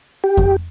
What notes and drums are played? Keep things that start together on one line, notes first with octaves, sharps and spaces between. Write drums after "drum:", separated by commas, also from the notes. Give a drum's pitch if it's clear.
G4
drum: kick F2